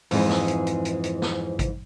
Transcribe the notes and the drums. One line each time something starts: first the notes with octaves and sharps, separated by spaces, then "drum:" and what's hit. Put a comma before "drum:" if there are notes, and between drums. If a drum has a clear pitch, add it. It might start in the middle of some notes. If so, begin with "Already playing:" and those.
F2 G#2 E3 G#4, drum: open hi-hat
drum: snare
drum: hi-hat
drum: hi-hat
drum: hi-hat
drum: hi-hat
drum: snare
drum: kick G#1, hi-hat